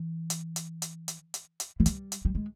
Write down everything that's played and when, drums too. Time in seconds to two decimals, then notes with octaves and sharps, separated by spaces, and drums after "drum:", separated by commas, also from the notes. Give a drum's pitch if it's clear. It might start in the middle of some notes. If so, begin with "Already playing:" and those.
Already playing: E3
0.30 drum: hi-hat
0.56 drum: hi-hat
0.82 drum: hi-hat
1.08 drum: hi-hat
1.34 drum: hi-hat
1.60 drum: hi-hat
1.80 E3
1.86 G3, drum: hi-hat
2.12 drum: hi-hat
2.25 G3
2.35 G#3